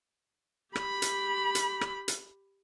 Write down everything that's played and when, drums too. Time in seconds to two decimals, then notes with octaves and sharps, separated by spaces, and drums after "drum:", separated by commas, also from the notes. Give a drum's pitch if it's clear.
0.76 G4 B5, drum: rim click
1.02 drum: hi-hat
1.55 drum: hi-hat
1.81 drum: rim click
2.08 drum: hi-hat